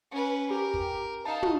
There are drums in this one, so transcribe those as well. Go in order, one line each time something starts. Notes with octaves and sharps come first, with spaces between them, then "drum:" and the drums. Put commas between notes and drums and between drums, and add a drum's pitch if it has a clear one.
C#4 B4
G4 A#4
drum: kick
D#4 F5 A5
drum: tom